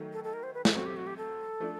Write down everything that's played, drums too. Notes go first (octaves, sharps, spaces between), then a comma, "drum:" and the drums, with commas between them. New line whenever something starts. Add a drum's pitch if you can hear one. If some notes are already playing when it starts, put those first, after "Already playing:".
Already playing: D#3 F#3 A3
A4
A4
A#4
C5
B4
G#4, drum: snare
F#3 A3 C4 F#4
G4
F#4
G4
A4
F3 A3 D4